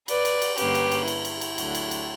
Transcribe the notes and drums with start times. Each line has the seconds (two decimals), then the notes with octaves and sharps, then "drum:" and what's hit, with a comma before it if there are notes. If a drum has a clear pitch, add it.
0.08 B4 D5, drum: cymbal
0.25 drum: cymbal
0.42 drum: cymbal
0.58 G2 D3 A#3 C#4 G4 B4, drum: cymbal
0.75 drum: cymbal
0.91 drum: cymbal
1.08 E4, drum: cymbal
1.25 drum: cymbal
1.41 drum: cymbal
1.58 D2 D3 F#3, drum: cymbal
1.75 drum: cymbal
1.91 drum: cymbal